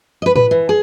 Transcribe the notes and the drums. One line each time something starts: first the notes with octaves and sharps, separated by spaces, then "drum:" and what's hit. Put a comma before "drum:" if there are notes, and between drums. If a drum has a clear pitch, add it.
B4 D#5
B4, drum: tom A2
E3
G#4